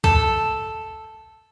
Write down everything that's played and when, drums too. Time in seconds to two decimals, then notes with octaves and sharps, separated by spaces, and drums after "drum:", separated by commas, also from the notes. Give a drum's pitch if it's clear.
0.04 A4, drum: kick